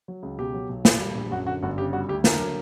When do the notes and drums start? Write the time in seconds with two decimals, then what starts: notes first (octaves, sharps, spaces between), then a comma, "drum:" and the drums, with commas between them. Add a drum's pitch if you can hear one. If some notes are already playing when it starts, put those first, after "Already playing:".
0.08 F#3
0.23 C#2
0.38 B2 G4
0.54 F#3
0.69 B1
0.85 A#2, drum: snare
1.01 G3
1.15 A#1
1.31 F#2 F#4
1.47 D3 F#4
1.62 G1 F#4
1.78 C#3 G4
1.93 G3 F#4
2.09 D2 G4
2.24 D3 A#4, drum: snare
2.40 F#3